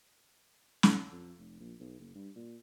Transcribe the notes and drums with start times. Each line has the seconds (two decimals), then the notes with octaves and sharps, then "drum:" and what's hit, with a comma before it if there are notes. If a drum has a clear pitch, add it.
0.83 drum: snare
1.11 F2
1.38 F1
1.60 A#1
1.80 B1
2.00 F#1
2.15 G2
2.36 A#2